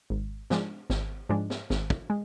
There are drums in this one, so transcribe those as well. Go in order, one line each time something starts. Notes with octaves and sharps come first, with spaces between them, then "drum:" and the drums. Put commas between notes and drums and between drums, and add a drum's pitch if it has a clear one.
G#1
G#2 F3 G#3 D4, drum: snare
G#1, drum: snare
G#2 F3 G#3 D4
drum: snare
G#1, drum: snare
drum: kick
G#3